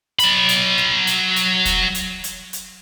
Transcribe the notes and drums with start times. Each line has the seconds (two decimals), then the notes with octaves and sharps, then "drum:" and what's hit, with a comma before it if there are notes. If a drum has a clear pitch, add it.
0.19 F#3 B5, drum: hi-hat
0.49 drum: hi-hat
0.78 drum: snare
1.07 drum: hi-hat
1.36 drum: hi-hat
1.65 drum: kick, hi-hat
1.95 drum: hi-hat
2.24 drum: hi-hat
2.53 drum: hi-hat